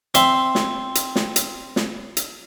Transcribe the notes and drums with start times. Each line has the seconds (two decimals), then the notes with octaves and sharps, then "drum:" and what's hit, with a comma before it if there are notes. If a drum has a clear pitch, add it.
0.15 C4 E5 C6, drum: hi-hat
0.55 drum: snare
0.95 drum: hi-hat
1.16 drum: snare
1.36 drum: hi-hat
1.76 drum: snare
2.17 drum: hi-hat